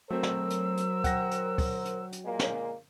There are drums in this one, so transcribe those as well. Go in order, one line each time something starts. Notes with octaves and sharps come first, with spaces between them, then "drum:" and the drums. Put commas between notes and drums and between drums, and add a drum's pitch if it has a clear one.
F#3 A3 C4 A#4 C5 E6
drum: snare
drum: hi-hat
drum: hi-hat
F#5 G5 A#6, drum: kick, hi-hat
drum: hi-hat
drum: kick, open hi-hat
drum: hi-hat
drum: hi-hat
A#2 G#3 A#3
drum: snare